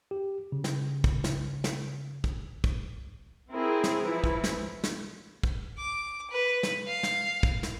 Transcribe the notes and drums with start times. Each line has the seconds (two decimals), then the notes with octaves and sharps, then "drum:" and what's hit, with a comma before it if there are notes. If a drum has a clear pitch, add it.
0.11 G4
0.52 C#3
0.64 drum: snare
1.04 drum: kick
1.24 drum: snare
1.64 drum: snare
2.24 drum: kick
2.64 drum: kick
3.52 C4 E4 G#4 A#4
3.84 drum: snare
4.04 E3 F3 E4
4.24 drum: kick
4.44 drum: snare
4.84 drum: snare
5.43 drum: kick
5.78 D6
6.30 B4
6.63 drum: snare
6.87 F5
7.03 drum: snare
7.43 drum: kick
7.63 drum: snare